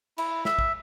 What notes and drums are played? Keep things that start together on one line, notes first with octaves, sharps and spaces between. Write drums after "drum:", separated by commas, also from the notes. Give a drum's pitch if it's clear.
E4, drum: cymbal
E5, drum: snare
drum: kick